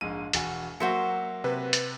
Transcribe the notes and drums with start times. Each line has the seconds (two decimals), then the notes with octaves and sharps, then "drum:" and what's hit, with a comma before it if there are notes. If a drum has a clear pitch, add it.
0.01 A#1 G#2 G#3 D#7
0.33 E1 F#4 G#5, drum: hi-hat
0.80 F#3 A#3 F#4 C5 E5 C#7
1.44 C3 B4
1.73 drum: hi-hat